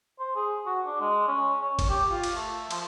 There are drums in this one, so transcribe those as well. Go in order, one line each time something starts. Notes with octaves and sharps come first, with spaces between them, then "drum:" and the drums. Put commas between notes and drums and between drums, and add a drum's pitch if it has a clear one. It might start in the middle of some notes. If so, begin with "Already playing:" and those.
C5
G#4
F#4
D4
G#3
C#4
C#5
drum: kick G1, cymbal
G4
F4
drum: cymbal
A3
F3, drum: cymbal